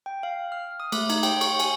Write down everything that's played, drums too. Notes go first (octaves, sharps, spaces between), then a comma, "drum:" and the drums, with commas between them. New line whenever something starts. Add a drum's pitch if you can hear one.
G5
F5
F6
D#6
A3, drum: cymbal
D#4, drum: cymbal
G5, drum: cymbal
C#6, drum: cymbal
G#5, drum: cymbal